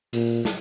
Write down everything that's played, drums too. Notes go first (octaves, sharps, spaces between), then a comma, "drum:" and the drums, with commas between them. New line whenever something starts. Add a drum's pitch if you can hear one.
A#2, drum: hi-hat
drum: snare